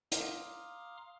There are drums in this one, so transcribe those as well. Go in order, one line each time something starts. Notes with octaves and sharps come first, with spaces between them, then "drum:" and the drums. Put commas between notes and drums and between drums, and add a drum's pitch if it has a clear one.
F5 A#5 C6 D6 D#6 F6, drum: hi-hat